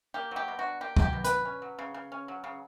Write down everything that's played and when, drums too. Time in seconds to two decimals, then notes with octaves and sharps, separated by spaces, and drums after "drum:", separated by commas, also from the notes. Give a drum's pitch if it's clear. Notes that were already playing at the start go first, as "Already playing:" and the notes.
0.14 A#3 G4
0.31 F#3 G4
0.48 B2
0.59 D4 F#4
0.81 A#3 G4
0.97 F#3, drum: kick C2
1.02 G4
1.13 B2
1.24 B4, drum: hi-hat
1.29 D4
1.45 C#4
1.62 F#3
1.79 C#3
1.94 C#3
2.12 C#4
2.28 F#3
2.44 C#3